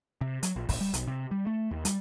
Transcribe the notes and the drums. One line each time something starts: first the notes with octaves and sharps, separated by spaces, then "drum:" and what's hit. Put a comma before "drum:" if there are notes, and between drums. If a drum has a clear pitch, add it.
C3
F#3, drum: hi-hat
A#1
A#1, drum: kick, open hi-hat
G3
B1, drum: hi-hat
C3
G3
A3
D#2
G3, drum: hi-hat